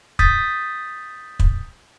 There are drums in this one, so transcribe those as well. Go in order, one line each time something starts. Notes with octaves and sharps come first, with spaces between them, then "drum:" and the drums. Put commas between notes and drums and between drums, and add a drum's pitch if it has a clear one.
D#6 G6 A6 B6, drum: kick
drum: kick